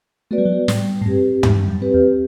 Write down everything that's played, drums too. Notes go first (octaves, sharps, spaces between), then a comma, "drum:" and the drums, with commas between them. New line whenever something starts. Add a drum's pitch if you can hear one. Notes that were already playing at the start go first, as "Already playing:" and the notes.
A3 B3 F#4 B4 D5
G3
F#3
G3
A2 G3, drum: snare
A2
G2 C4 G4 B4
E2 G3, drum: tom
F#2
C4 G4 B4
E2